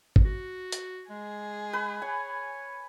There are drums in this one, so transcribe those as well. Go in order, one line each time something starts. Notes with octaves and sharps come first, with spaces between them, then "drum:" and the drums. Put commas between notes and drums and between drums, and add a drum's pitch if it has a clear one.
drum: kick G#1
F#4
drum: hi-hat
G#3 G#4
B4
C#5 G#5